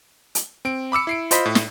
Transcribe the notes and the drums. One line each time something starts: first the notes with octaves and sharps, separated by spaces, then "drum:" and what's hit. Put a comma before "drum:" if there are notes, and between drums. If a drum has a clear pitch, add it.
drum: hi-hat
C4 D7
B5 D6 E6 C#7
E4 C7 D7
F4 C5 D#5 B5 B6, drum: hi-hat
A2
drum: snare